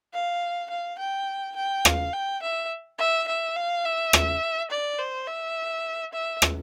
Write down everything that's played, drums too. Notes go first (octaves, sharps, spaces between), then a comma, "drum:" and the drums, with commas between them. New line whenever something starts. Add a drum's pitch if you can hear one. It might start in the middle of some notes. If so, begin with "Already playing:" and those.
F5
F5
G5
G5
F5, drum: rim click
G5
E5
E5
E5
F5
E5
drum: rim click
D5
C5
E5
E5
drum: rim click